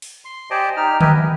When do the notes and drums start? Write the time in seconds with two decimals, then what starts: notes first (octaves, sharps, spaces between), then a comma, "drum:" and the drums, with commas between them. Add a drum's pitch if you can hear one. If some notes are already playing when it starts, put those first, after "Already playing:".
0.02 drum: open hi-hat
0.25 C6
0.50 G4 C5 D5 D#5 G#5 A5
0.77 D#4 G4 F6
1.01 G4 A#4 B4 D#5 E5 G#5, drum: tom D3
1.13 B3